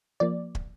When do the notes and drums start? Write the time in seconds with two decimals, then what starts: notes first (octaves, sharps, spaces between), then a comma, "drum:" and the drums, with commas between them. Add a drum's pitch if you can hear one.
0.20 F3 A#3 D5
0.55 drum: kick